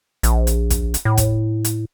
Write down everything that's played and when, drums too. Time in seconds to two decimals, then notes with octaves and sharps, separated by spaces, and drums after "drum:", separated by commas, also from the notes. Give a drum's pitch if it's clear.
0.23 A#1, drum: hi-hat
0.47 drum: hi-hat
0.70 drum: kick, hi-hat
0.94 drum: hi-hat
1.05 A2
1.17 drum: kick, hi-hat
1.65 drum: hi-hat